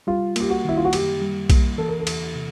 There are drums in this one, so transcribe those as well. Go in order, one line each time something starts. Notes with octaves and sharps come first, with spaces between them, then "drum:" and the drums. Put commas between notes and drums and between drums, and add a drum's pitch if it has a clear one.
G3 F4
A#3 G4, drum: cymbal
F#4
D#3 E4
F4
F#4
F#2 G4, drum: cymbal
G3
A#3, drum: kick B1, cymbal
E3 A4
A#4
A4
E2, drum: cymbal
C3